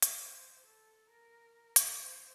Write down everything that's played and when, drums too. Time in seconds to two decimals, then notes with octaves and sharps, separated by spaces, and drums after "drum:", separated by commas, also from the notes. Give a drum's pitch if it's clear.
0.02 drum: hi-hat
0.19 C5
0.65 A4
1.11 A#4
1.76 drum: hi-hat
2.03 C5